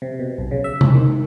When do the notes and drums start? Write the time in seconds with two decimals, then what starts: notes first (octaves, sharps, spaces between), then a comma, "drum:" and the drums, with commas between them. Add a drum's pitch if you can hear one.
0.02 C3
0.19 B2
0.38 B1
0.51 C#3
0.64 E5
0.81 drum: tom C3
0.94 D#3